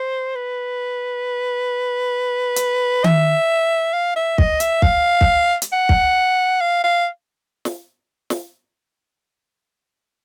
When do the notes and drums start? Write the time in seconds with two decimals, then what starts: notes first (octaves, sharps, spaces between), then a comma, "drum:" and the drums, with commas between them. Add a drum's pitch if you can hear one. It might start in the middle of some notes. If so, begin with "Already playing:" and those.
Already playing: C5
0.35 B4
2.56 drum: hi-hat
3.04 E5, drum: tom D#3
3.93 F5
4.16 E5
4.38 D#5, drum: kick
4.60 E5, drum: hi-hat
4.82 F5, drum: kick
5.21 drum: kick
5.62 drum: hi-hat
5.72 F#5
5.89 drum: kick
6.61 F5
6.84 F5
7.65 drum: snare
8.30 drum: snare